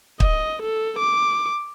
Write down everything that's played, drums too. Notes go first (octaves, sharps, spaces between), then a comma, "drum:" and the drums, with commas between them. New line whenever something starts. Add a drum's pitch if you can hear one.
D#5, drum: kick
A4
D6